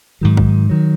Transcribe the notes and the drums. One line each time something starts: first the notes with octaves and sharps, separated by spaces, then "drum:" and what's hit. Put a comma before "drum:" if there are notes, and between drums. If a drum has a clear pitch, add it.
G#2 D#3 F#3
drum: kick
D#3 F#3